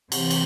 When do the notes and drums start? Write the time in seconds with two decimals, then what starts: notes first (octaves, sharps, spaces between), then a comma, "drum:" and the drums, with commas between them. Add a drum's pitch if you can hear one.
0.12 C3 E3, drum: cymbal
0.30 drum: cymbal